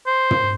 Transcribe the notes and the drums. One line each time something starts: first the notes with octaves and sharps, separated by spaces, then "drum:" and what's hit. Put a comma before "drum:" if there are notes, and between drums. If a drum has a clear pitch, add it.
C5
drum: tom